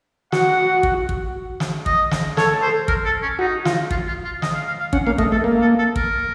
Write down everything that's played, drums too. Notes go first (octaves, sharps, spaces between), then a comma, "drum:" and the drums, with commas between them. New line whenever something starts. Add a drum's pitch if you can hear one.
F#4 F#5, drum: snare
drum: kick
drum: kick
drum: snare
D#5, drum: kick
drum: snare
A4 C#5, drum: snare
C5
A#4, drum: kick
A4
C#4
D#4 F#4
F4, drum: snare
F4, drum: kick
F4
F4
D#5, drum: snare
F5
F5
F5
C#4 F#5, drum: kick
A#3 F5
A3 D#5, drum: kick
A3 A4
A#3
A4
A4
A#4, drum: kick